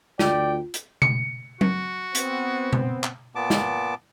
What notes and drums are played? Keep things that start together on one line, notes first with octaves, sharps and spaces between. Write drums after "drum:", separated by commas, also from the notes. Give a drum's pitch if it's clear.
D2 F4 D5 G5, drum: snare
drum: hi-hat
C#7, drum: tom B2
F#4, drum: tom F#3
B3 C4, drum: hi-hat
drum: tom B2
drum: clap
A#2 B3 A5 D6
drum: snare